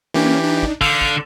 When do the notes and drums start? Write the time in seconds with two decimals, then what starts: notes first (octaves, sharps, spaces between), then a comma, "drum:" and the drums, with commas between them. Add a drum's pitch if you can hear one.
0.14 E3 A#3 C#4 D4 G4
0.44 D4 D#4
0.63 drum: kick
0.81 D3 F5 D6 G6, drum: kick
1.02 drum: kick